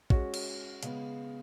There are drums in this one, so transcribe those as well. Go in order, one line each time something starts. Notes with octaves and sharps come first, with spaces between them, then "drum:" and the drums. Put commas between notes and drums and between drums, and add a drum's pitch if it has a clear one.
G#3 C#4 F#4, drum: kick
drum: cymbal
C#3 G#3 B3, drum: hi-hat